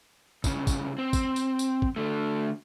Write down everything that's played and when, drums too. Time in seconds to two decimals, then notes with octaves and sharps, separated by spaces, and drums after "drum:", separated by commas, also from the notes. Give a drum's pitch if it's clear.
0.44 C2 C#3, drum: kick, tambourine
0.67 drum: kick, tambourine
0.98 C4
1.13 drum: kick, tambourine
1.36 drum: tambourine
1.59 drum: tambourine
1.82 drum: kick
1.96 D3 A3